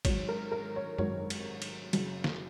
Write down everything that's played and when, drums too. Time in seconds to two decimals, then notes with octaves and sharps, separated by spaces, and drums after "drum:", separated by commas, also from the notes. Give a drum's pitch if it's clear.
0.05 G#1 G#2 F#3 C#5, drum: kick, cymbal
0.29 A#4
0.52 A#4
0.76 C#5
0.98 G#1 G#2 F#3 C#5, drum: tom F#2
1.30 drum: cymbal
1.62 drum: cymbal
1.93 F#1 F#2 F#3, drum: cymbal
2.24 drum: snare